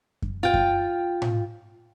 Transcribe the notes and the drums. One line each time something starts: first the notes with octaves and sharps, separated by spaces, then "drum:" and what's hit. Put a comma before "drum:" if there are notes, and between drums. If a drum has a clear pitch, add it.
drum: kick F#2
F4 G5
drum: kick F#2
drum: tom A2